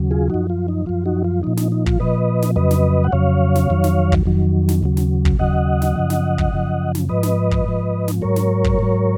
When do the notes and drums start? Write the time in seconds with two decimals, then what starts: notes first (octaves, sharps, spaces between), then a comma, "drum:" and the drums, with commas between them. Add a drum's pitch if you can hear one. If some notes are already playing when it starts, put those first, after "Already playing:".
Already playing: D#2 C#3 F#3
0.11 F4 G#4
0.30 F#2 F3 D#4 F#4
0.50 F4
0.68 D#4
0.86 F#2 F3 F4
1.06 D#4 F#4
1.24 F4
1.43 A#2 F3 D#4
1.57 D#4, drum: snare
1.72 D#4
1.86 F4, drum: kick
2.00 A#2 F3 B4 D#5
2.42 drum: snare
2.56 F2 C#3 F#3 B4 D#5
2.71 drum: snare
3.04 F#5
3.12 F2 C#3 F#3 C#5 F5
3.55 drum: snare
3.70 F2 D#3 F#3
3.84 drum: snare
4.12 drum: kick
4.26 F2 D#3 F#3
4.69 drum: snare
4.83 D#2 C#3 F#3
4.97 drum: snare
5.25 drum: kick
5.39 D#2 C#3 F#3 D#5 F#5
5.82 drum: snare
5.96 F#2 C#3 F3
6.10 drum: snare
6.38 drum: kick
6.53 F#2 C#3 F3
6.95 drum: snare
7.09 G#2 F3 B4 D#5
7.23 drum: snare
7.51 drum: kick
7.65 G#2 F3
8.08 drum: snare
8.22 G#2 F#3 A#4 C#5
8.36 drum: snare
8.64 drum: kick
8.79 G#2 F#3